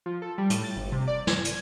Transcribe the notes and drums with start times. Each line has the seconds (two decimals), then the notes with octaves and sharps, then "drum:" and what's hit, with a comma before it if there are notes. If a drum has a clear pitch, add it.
0.06 F3
0.22 A4
0.38 G3
0.50 A2, drum: hi-hat
0.64 A6
0.76 G1
0.92 C3
1.07 D5
1.27 G#6, drum: snare
1.45 G#6, drum: hi-hat